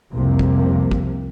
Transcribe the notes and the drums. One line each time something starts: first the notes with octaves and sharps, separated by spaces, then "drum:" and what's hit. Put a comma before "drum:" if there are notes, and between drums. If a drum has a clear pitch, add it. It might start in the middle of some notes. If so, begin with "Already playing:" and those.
C2 F2 C3 A#3
drum: kick
drum: kick